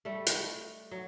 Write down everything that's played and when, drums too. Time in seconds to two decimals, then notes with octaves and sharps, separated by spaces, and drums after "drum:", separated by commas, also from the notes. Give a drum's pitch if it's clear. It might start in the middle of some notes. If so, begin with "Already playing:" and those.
0.05 G3 A3
0.27 drum: hi-hat
0.91 F#3